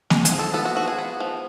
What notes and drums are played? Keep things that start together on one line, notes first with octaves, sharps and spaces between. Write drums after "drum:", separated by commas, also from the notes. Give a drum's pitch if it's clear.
G#3, drum: snare A#3
G#4, drum: hi-hat
F3
A4
B3 A4
F#4
F3 F#4
G#4
B3
F3